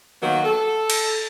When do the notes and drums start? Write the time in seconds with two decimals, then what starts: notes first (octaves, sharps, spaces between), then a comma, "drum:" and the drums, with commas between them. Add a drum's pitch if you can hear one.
0.22 D#3 F#3 A#3 B3 F#4
0.45 A4
0.90 drum: cymbal